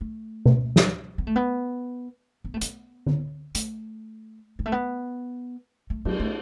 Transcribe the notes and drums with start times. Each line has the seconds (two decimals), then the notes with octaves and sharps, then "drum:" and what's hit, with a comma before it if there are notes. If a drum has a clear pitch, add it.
0.01 A3
0.46 drum: tom B2
0.76 drum: snare
1.18 B3
1.27 A3
1.36 B3
2.44 B3
2.54 A3
2.61 B3, drum: hi-hat
3.06 drum: tom D3
3.55 A3, drum: hi-hat
4.59 G#3
4.66 A3
4.72 B3
5.90 A3
6.05 F#3, drum: cymbal
6.20 A3